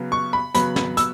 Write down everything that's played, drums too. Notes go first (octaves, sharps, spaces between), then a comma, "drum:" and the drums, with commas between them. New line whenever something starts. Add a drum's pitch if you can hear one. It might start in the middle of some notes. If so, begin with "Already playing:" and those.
Already playing: C#3 F#3 B3
C#6
B5
C#3 F#3 B3 B5, drum: hi-hat
drum: snare
E6, drum: hi-hat